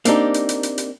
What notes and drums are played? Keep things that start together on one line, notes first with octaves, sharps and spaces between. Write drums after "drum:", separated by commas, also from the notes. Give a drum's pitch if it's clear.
A#3 C4 D4 D#4 G4, drum: hi-hat
drum: hi-hat
drum: hi-hat
drum: hi-hat
drum: hi-hat